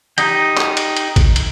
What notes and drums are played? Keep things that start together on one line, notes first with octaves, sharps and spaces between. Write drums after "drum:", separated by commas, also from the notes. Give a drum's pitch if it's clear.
D#4 G4 D#5 G5, drum: cymbal
drum: clap
drum: cymbal
drum: cymbal
drum: kick, cymbal
drum: cymbal